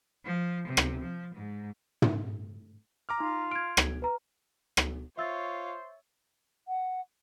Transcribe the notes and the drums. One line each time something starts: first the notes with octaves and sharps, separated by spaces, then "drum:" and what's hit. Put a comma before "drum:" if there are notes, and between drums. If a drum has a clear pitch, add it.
F3
C3
drum: rim click
F3
G#2
drum: tom
A#5 D6 F6
D#4 F4
F6 G#6 D7
drum: rim click
B4 A#5
drum: rim click
F4 C5 C#5 E5 E6 A6
F#5